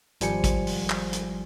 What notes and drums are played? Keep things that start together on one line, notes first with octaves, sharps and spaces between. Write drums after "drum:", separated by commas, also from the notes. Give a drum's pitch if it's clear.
G#1 F3 G3 C5 G#5 C#7, drum: hi-hat
drum: kick, hi-hat
drum: open hi-hat
drum: clap
drum: hi-hat